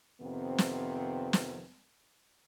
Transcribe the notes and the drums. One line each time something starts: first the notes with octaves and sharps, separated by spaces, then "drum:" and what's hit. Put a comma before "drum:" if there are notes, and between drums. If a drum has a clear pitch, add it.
F2 C3 D#3 B3 C4
drum: snare
drum: snare